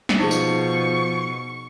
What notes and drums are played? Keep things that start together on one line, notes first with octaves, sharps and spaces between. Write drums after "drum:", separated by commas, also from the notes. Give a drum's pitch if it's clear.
drum: snare
B2 F3 D#4 G#4 C#6
drum: tambourine